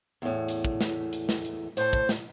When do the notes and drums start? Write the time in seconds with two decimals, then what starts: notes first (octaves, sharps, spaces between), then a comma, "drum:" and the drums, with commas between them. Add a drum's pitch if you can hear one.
0.22 E2 A2
0.48 drum: hi-hat
0.65 drum: kick
0.81 drum: snare
1.13 drum: hi-hat
1.29 drum: snare
1.45 drum: hi-hat
1.77 A2 C5 A5, drum: hi-hat
1.93 drum: kick
2.09 drum: snare